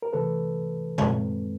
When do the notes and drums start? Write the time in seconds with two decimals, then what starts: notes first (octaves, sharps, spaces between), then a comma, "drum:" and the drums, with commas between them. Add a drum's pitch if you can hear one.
0.02 A#4
0.13 C3 E3 A3 A4 B4
0.98 F#2 D#3 G#3 C4, drum: tom A#2